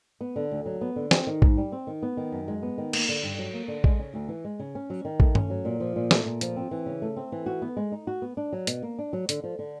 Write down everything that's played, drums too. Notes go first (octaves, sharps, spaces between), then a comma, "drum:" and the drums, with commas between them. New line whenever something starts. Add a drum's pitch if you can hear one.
B3
D3
D2
F#3
B3
D3
C4, drum: snare
D#3
G#2, drum: kick A#1
G3
C4
D#3
B3
D#3
F#2
G#3
B3
D#3
A#3, drum: cymbal
D3
G2
F#3
A#3
D3
G#3, drum: kick A#1
C#3
D2
E3
G#3
C#3
C#4
F#3
D#3
A3, drum: kick A#1
C#4, drum: tom G2
F#3
A#2
F3
A#2
A3, drum: snare
A#2
F3, drum: hi-hat
C4
E3
C#3
A3
C4
E3
F#4
B3
G#3
D#4
F#4
B3
D4
F#3
B2, drum: hi-hat
A#3
D4
F#3
D3, drum: hi-hat
F3
D3